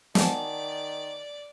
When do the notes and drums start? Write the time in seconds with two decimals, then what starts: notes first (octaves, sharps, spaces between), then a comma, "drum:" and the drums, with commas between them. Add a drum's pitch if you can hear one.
0.15 D#3 D5 F#5 G#5 A5, drum: snare